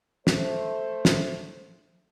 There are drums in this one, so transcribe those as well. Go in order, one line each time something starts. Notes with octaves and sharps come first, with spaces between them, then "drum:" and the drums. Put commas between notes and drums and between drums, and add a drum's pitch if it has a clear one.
A3 C5, drum: snare
drum: snare